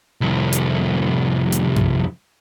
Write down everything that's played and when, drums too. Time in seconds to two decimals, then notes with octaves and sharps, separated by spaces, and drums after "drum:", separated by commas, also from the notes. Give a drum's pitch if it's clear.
0.21 C2 F2
0.53 drum: hi-hat
1.52 drum: hi-hat
1.76 drum: tom F#2